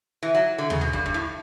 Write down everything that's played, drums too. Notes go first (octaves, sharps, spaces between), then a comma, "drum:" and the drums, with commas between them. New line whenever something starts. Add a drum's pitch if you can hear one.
E3
F#3
D3
C#3, drum: tom D#2
B2
G2, drum: kick F2
G2
A2